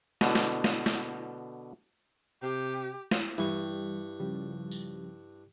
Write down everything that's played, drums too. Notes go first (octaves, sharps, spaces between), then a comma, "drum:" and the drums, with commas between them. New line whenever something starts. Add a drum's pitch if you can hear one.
B2 D3, drum: snare
drum: snare
drum: snare
drum: snare
C3 G4
drum: snare
G2 E3 G3 E4 G4 C#6
C#3 F3 G3
drum: tambourine